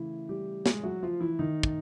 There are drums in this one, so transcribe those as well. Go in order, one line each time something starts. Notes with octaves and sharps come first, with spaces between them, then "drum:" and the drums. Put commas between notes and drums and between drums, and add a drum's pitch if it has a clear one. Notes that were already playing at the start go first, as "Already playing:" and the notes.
Already playing: C#3 E3 A3 E4
G3 G4
G#3 G#4, drum: snare
F#3 F#4
F3 F4
E3 E4
D#3 D#4
drum: kick